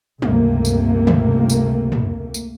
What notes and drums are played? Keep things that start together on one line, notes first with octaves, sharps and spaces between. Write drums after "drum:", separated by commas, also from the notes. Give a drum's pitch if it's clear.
C#2 G2 C3 A3 A#3, drum: tom
drum: tambourine
drum: tom
drum: tambourine
drum: tom
drum: tambourine